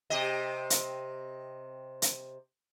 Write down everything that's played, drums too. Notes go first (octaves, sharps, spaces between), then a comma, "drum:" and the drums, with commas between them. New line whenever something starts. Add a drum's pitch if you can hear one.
C3 G4 D#5
drum: hi-hat
drum: hi-hat